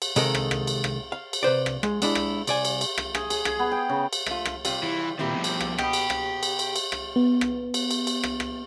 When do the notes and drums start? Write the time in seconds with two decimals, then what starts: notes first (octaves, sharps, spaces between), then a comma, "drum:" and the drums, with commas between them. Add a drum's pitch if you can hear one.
0.02 drum: cymbal
0.16 C3 D#3 G#3 A4 A#4, drum: cymbal
0.35 drum: rim click
0.51 drum: rim click
0.67 drum: cymbal
0.84 drum: rim click
1.12 F5
1.33 drum: cymbal
1.43 C3 B4 C5 D5
1.66 drum: rim click
1.83 G#3, drum: rim click
2.02 G#3 D4 E4, drum: cymbal
2.15 drum: rim click
2.47 C2 D5 G#5, drum: cymbal
2.65 drum: cymbal
2.81 drum: cymbal
2.98 drum: rim click
3.15 G#4, drum: rim click
3.30 G#4, drum: cymbal
3.45 G#4, drum: rim click
3.59 B3
3.71 G5
3.89 C#3
4.13 drum: cymbal
4.26 A3 F4, drum: rim click
4.45 drum: rim click
4.65 C3 G3 F4, drum: cymbal
4.83 E3
5.19 A#2 D#3 C4 E4 G4
5.34 B2 F3
5.44 drum: cymbal
5.60 drum: rim click
5.78 B2 B3 G4 G5, drum: rim click
5.93 drum: cymbal
6.10 drum: rim click
6.43 drum: cymbal
6.59 drum: cymbal
6.76 drum: cymbal
6.92 drum: rim click
7.16 B3
7.41 drum: rim click
7.74 drum: cymbal
7.91 drum: cymbal
8.07 drum: cymbal
8.23 drum: rim click
8.40 drum: rim click